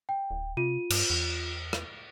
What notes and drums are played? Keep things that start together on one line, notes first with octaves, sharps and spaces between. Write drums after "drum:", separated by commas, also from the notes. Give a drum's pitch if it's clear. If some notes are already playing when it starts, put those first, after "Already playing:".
G5
D1
C3 F4 D#7
G2, drum: cymbal
E2
drum: rim click